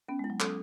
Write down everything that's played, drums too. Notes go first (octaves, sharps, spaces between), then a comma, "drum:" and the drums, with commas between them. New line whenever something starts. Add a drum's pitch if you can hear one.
B3 C#4
G#3
E4
F#3
A4, drum: clap